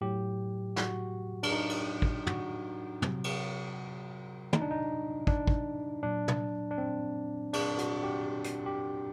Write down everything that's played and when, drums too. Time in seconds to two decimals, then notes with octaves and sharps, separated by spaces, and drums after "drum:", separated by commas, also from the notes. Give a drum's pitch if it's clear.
0.01 A2 F#3 G4
0.76 F#4, drum: snare
1.43 D4, drum: cymbal
1.51 D#4
1.69 drum: cymbal
2.02 drum: kick
2.27 F#4, drum: tom
3.02 C3 F#3, drum: tom
3.24 drum: cymbal
4.53 D#4, drum: tom
4.62 D4
4.71 D#4
5.27 D4, drum: kick
5.47 drum: kick
6.03 A#2 F#3 D4
6.28 drum: tom
6.71 D4
6.78 C4
7.53 D4, drum: cymbal
7.78 F#4, drum: hi-hat
8.03 G4
8.44 drum: hi-hat
8.66 G4